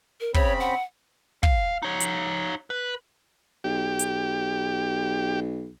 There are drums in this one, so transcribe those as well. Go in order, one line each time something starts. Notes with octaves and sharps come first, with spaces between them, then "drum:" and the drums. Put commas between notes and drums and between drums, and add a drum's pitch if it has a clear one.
A#4
C#3 C4 C#5 B5, drum: kick
F#5
F5, drum: kick
D#4 C#5
drum: hi-hat
B4
B1 G4
drum: hi-hat